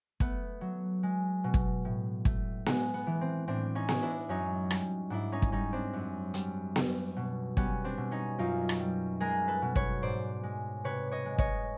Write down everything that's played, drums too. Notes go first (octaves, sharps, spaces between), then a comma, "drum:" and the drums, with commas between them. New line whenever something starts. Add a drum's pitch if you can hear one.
A3 B3, drum: kick
F#3
G#3
B2
drum: kick
A2
A3, drum: kick
G#3 B3, drum: snare B3
B3
E3
C4
A2 C4 D4
C#4 D#4
G#3, drum: snare B3
D4 E4
F#2 C#4 D#4
G3, drum: rim click
G#2 D4 E4
C#4 D#4
drum: kick
G3 C#4 D#4
C4 D4
F#2
G3, drum: hi-hat
G3, drum: snare B3
B2
G3 B3 C#4, drum: kick
C4 D4
B2
C#4 D#4
F#2 D#4 F4
drum: rim click
G3
G#3 G#4 A#4
A4 B4
B2
B4 C#5, drum: kick
G#2 C5 D5
G#3
C3 B4 C#5
C#5 D#5
G#3
C#5 D#5, drum: kick